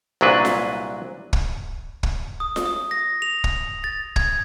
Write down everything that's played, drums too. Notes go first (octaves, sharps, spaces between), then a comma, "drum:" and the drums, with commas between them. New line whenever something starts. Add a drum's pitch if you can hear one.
C2 A#2 F#3 D4 B4
drum: snare F4
drum: kick
drum: kick
D#6
drum: snare F4
D#6
A#6
F7
drum: kick
A6
G#6, drum: kick